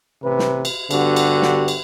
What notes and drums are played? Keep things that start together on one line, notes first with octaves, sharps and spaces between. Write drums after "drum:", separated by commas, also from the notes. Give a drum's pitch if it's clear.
A1 C3 B4
drum: snare
drum: cymbal
G2 D3 B3 F#4 G4, drum: cymbal
drum: cymbal
drum: snare
drum: cymbal